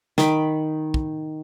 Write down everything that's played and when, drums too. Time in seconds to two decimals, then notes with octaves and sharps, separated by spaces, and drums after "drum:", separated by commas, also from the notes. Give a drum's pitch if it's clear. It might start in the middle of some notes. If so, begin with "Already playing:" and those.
0.18 D#3 B5, drum: snare
0.94 drum: kick